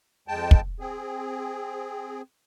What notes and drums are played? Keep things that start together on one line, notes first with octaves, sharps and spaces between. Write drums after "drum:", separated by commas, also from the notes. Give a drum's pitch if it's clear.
F2 G#3 G5 A5
drum: kick
C4 G#4